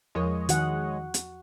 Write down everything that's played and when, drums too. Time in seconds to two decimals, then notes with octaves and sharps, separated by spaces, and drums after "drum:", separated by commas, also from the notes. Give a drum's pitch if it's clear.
0.15 E2 F3 G#3 A#4 C#5 D#5
0.49 D#3 F#4 F#5, drum: hi-hat
1.14 drum: hi-hat